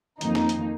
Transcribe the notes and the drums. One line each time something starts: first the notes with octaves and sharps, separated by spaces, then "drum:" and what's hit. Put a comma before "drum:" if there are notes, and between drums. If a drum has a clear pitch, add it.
F2 D#3 A#3 D#4, drum: hi-hat
drum: snare
drum: hi-hat